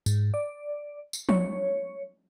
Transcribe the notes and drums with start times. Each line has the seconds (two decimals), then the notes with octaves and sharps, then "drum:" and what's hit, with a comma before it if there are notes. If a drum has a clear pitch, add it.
0.06 G#2, drum: tambourine
0.34 D5
1.13 drum: tambourine
1.29 C#5, drum: tom F3